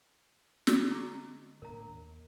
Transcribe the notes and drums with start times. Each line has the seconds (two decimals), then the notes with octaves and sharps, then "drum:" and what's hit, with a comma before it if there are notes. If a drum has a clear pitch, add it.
0.67 D3 G#3, drum: snare
0.91 A#5 C#6 D6
1.62 A2 A#3 D4 A#4 A#5
1.89 D#2